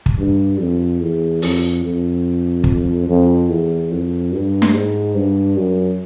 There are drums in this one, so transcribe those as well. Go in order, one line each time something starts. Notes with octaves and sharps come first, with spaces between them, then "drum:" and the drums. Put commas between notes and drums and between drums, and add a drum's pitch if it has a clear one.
drum: kick
G2
F2
E2
F2, drum: open hi-hat
F2
drum: kick
F2
E2
F2
G2
drum: snare
G#2
G2
F#2